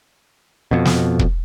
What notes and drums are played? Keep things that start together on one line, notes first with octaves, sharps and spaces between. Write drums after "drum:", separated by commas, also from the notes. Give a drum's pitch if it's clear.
F2 B2
drum: snare
drum: kick